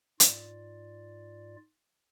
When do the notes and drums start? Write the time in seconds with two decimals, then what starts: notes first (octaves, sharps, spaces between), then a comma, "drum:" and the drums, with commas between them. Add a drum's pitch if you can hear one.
0.20 G#2 F4 D5, drum: hi-hat